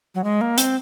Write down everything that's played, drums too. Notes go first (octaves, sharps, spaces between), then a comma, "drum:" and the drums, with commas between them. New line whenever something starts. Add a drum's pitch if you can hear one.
F#3
G#3
A#3
C4, drum: hi-hat